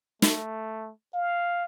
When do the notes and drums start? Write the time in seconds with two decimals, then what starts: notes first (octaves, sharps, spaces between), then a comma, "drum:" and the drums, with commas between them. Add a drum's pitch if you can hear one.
0.22 A3, drum: snare
1.14 F5